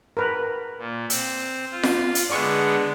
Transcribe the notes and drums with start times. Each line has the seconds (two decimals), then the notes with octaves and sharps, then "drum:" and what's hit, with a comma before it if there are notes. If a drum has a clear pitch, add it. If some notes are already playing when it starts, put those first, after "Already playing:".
0.17 A#4 B4
0.78 A#2
1.10 C4, drum: hi-hat
1.72 F4
1.83 drum: snare F4
2.15 drum: hi-hat
2.30 D3 G#3 B3 D5 C#6